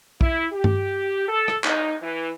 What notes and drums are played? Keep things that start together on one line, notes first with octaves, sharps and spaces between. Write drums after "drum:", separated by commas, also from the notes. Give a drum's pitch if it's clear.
E4, drum: kick
G4
drum: tom G2
A4
drum: rim click
D#4, drum: clap
E3